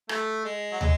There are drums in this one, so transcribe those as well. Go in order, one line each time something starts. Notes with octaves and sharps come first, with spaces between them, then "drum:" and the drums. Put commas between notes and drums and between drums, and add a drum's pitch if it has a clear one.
A3, drum: rim click
G#3
F#3
G#3, drum: tom